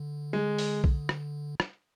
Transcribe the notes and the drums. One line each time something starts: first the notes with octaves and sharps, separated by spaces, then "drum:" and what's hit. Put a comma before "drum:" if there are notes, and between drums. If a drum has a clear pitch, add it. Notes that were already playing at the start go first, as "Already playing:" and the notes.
Already playing: D3
G#3
drum: open hi-hat
drum: kick
drum: rim click
drum: rim click